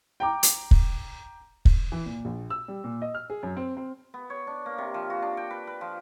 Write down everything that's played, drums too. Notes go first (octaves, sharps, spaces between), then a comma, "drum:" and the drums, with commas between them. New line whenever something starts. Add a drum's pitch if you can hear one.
G5 A#5 D6
drum: hi-hat
drum: kick
drum: kick
E3
A#2
A#1
E6
G3
A#2
D#5
F6
G#4
F#2
C4
C4
B3
C#5
D4
A#3
C3
F3
F#4
D4
G5
B4
B4
F3